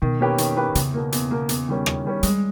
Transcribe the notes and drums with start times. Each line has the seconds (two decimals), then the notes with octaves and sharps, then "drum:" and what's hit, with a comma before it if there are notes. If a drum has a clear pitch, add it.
0.02 B2 D#3
0.20 A#3 C#4 G4 B4
0.38 D#3, drum: hi-hat
0.57 A#3 C#4 G4 B4
0.75 E2 C#3, drum: hi-hat
0.94 B2 A#3
1.12 E2, drum: hi-hat
1.31 B2 A#3
1.49 E2, drum: hi-hat
1.68 D#3 G3 C#4
1.86 E2, drum: rim click
2.05 D#3 G3 C#4
2.23 G3 G#3, drum: hi-hat